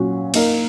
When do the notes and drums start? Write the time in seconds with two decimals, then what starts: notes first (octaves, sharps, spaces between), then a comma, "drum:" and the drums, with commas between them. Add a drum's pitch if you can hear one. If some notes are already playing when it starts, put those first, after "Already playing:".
Already playing: A#2 F#3 C#4 F#4
0.34 A#3 D#4 A#4, drum: cymbal